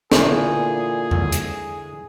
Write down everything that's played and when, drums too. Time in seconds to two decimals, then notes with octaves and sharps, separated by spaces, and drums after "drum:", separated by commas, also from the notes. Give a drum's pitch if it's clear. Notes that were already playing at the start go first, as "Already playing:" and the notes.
0.12 A#2 D3 E3 G#4 C5, drum: snare
1.11 drum: tom E2
1.32 drum: hi-hat